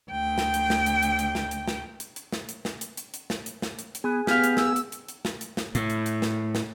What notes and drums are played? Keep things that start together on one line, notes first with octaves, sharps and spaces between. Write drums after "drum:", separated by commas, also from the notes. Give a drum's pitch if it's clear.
D2 G5
drum: snare
drum: hi-hat
drum: snare
drum: hi-hat
drum: hi-hat
drum: hi-hat
drum: snare
drum: hi-hat
drum: snare
drum: hi-hat
drum: hi-hat
drum: snare
drum: hi-hat
drum: snare
drum: hi-hat
drum: hi-hat
drum: hi-hat
drum: snare
drum: hi-hat
drum: snare
drum: hi-hat
drum: hi-hat
B3 G#4
B3 G4 F5 F6, drum: snare
drum: hi-hat
E6, drum: snare
drum: hi-hat
drum: hi-hat
drum: hi-hat
drum: snare
drum: hi-hat
drum: snare
A2, drum: hi-hat
drum: hi-hat
drum: hi-hat
drum: snare
drum: snare